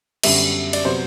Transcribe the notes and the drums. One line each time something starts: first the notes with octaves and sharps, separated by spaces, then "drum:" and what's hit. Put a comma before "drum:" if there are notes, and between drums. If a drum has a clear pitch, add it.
F#2 D3 G3 B3 E5, drum: cymbal
D5, drum: cymbal
C3 F#3 B3 C5